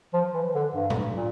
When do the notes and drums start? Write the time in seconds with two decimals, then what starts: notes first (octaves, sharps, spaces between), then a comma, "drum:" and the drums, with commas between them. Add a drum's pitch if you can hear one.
0.13 F3
0.34 E3
0.55 D3
0.74 G2
0.90 drum: tom A2
1.16 A#2